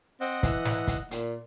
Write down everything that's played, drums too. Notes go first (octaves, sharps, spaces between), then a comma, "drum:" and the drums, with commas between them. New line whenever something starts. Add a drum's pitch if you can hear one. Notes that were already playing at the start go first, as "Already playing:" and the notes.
C4 D#5 F#5
E3, drum: kick, hi-hat
drum: snare
drum: kick, hi-hat
A#2, drum: hi-hat